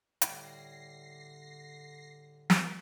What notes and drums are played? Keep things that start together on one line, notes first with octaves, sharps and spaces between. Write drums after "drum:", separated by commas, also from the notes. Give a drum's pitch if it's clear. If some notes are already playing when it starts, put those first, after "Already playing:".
A2 D3 G3 A#6 C7, drum: hi-hat
drum: snare